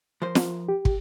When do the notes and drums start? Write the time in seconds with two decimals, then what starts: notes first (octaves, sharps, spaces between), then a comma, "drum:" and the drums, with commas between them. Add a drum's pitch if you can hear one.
0.22 F3 A#4 C5
0.35 drum: snare
0.69 G4
0.85 drum: kick